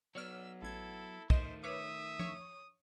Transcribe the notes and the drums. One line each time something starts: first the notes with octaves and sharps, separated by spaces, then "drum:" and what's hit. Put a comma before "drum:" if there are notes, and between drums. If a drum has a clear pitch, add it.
F#3 B3 C#5 D5 E6 F6
A1 E4 A4 G#6
D#3 A3 C5 D#5 E7, drum: kick
B4 C#5 E5 D6 D#6
C#5 C#6, drum: tom F3